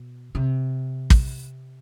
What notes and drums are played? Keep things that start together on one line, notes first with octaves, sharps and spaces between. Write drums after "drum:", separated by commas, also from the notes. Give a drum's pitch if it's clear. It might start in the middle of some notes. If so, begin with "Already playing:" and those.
Already playing: B2
C3
drum: kick